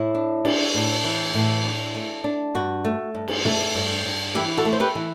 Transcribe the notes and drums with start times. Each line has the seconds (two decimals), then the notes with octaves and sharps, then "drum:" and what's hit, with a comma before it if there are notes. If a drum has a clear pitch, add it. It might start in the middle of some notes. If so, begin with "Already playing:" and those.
Already playing: A2 E4
0.15 D4
0.45 D4, drum: cymbal
0.74 A2
1.04 E3
1.34 A2
1.65 D4
1.95 A3
2.24 D4
2.55 G2 F#4
2.85 A3
3.15 G2
3.28 drum: cymbal
3.45 A3, drum: tom
3.75 G2
4.05 G2
4.35 E3 E4 G4
4.57 F#4 A4
4.65 A3
4.73 C5
4.80 G4 B4
4.95 E3